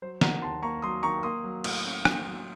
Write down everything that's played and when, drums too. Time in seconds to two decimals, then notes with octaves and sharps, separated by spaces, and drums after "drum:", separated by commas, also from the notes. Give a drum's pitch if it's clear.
0.02 F#3 C5
0.21 D#3 F#5 A#5, drum: snare
0.42 D#2 A5 C6
0.63 A#3 A#5 C#6
0.82 F#3 C6 D#6
1.03 D#3 A#5 C#6
1.23 A#3 C6 D#6
1.44 F#3
1.64 A2, drum: cymbal
1.85 C#4
2.05 A#3, drum: rim click
2.25 F#3